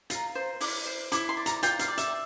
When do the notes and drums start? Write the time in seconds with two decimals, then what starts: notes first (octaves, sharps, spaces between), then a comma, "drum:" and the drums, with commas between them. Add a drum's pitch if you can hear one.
0.10 F4 A#5, drum: hi-hat
0.35 C5
0.60 E4 D6, drum: open hi-hat
0.86 C5
1.12 E4 D6, drum: hi-hat
1.29 C6
1.37 D5
1.46 A#5, drum: hi-hat
1.63 F4 G5, drum: hi-hat
1.79 F5, drum: hi-hat
1.88 D5
1.98 E5, drum: hi-hat